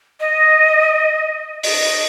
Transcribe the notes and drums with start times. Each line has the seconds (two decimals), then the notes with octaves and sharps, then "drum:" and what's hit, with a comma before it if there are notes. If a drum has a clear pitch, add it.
0.20 D#5
1.63 D#5, drum: open hi-hat
1.82 D#5